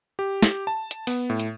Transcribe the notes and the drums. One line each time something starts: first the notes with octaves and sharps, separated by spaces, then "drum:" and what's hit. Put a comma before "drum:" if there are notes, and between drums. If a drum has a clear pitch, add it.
G4
drum: snare
A5
drum: hi-hat
B3, drum: open hi-hat
A2
drum: hi-hat